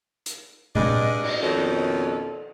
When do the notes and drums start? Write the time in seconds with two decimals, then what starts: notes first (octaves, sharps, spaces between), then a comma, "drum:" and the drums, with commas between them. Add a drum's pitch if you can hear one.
0.26 drum: hi-hat
0.75 G2 G#3 D4 D#5, drum: tom A#2
1.23 drum: cymbal
1.42 F2 B2 D#3 C#4 A4